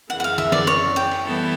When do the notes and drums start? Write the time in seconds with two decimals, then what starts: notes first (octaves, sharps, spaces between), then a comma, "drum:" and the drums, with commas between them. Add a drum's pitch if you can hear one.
0.10 F#2 C#3 E3 F#5
0.20 F#5
0.24 F5
0.38 E5, drum: tom D3
0.52 D5, drum: snare
0.67 C#5
0.96 G5
1.11 drum: cymbal
1.24 E3 G3 B3 E4 A4